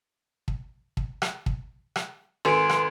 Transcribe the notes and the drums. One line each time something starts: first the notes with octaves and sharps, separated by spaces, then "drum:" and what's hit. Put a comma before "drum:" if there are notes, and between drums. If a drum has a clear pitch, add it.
drum: kick
drum: kick
drum: rim click
drum: kick
drum: rim click
G#1 A4 B4 G#5 C6 D7
drum: rim click